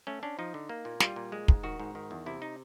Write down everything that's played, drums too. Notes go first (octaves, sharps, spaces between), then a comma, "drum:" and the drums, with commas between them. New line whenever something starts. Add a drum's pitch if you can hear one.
A3 C#4
C#4 D4
F3 D#4
D3
A#3
A#2
G3 F4, drum: snare
A#2
G#3
G#2, drum: kick
D#3 F#4
G#2
D#3
E2
C3 E4
D#4